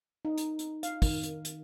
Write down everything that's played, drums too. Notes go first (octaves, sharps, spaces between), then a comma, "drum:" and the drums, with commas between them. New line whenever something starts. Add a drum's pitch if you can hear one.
D#4
drum: hi-hat
drum: hi-hat
F5, drum: hi-hat
D#3, drum: kick, open hi-hat
drum: hi-hat
drum: hi-hat